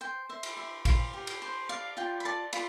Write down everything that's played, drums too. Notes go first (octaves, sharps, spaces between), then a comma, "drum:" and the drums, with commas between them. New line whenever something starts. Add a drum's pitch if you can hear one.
C5 G5
C5 E5
drum: cymbal
C5 E5
C5 F5, drum: kick, cymbal
G4
drum: cymbal
C5
D5 F5
F4 G5
B5
D5 A5
F4 B5, drum: cymbal